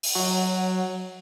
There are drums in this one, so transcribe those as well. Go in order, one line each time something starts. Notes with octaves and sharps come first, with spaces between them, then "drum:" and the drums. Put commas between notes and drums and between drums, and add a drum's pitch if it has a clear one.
drum: open hi-hat
F#3